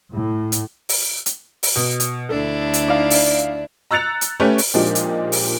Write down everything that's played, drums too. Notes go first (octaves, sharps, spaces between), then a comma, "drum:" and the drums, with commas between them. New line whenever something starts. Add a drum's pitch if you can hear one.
A2
drum: hi-hat
drum: open hi-hat
drum: hi-hat
drum: open hi-hat
B2
drum: hi-hat
D2 D4 E4 A4
drum: hi-hat
D#4 D5 F5
drum: open hi-hat
A#5 E6 F#6 A6 C#7 F7
drum: hi-hat
A3 C#4 G4 B4 C#5
drum: open hi-hat
A#2 F3 G#3 D4 D#4 G4
drum: hi-hat
drum: open hi-hat